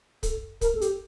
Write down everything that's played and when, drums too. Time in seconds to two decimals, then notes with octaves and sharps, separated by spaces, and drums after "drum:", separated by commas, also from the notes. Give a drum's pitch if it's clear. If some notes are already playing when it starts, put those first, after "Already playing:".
0.23 A4, drum: kick, hi-hat
0.61 A#4, drum: kick, hi-hat
0.75 A4
0.81 G4, drum: hi-hat